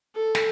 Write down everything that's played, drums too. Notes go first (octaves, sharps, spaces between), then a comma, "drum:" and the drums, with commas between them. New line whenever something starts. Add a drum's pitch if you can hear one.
A4
drum: snare